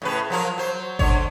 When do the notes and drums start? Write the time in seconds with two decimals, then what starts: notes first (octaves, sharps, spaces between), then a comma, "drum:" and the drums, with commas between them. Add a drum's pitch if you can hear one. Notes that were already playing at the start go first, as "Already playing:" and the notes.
0.02 A2 C#3 B4
0.30 F3 F#3 A#4
0.58 F#3 C5
0.99 D3 C#5, drum: kick G#1